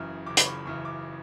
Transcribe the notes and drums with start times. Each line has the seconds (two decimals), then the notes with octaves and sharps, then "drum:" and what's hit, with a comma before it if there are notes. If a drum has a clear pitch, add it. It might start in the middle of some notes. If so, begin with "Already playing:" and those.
Already playing: F#1 F#2 C#3 E3
0.26 F#1 D6
0.37 B5, drum: hi-hat
0.46 C#6
0.66 F#2 C#3 E3 C#6
0.85 D6